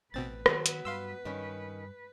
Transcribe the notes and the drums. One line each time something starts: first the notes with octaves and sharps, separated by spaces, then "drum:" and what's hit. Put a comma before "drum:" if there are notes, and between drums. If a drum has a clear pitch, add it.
A1 B2 C4 B4 A6
D#3 F#3 B3, drum: rim click
drum: hi-hat
G2 F5 C6 E6
G2 D#3 C#4